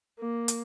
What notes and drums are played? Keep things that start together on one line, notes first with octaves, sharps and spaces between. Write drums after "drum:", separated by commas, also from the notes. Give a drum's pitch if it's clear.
A#3
drum: hi-hat